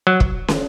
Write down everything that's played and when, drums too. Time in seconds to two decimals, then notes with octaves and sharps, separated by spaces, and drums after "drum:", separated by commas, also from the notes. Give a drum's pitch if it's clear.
0.07 F#3
0.20 drum: kick
0.48 drum: snare